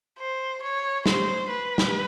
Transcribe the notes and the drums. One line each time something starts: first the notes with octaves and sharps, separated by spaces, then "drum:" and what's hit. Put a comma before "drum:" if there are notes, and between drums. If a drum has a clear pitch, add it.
C5
C#5
C5, drum: snare
B4
drum: snare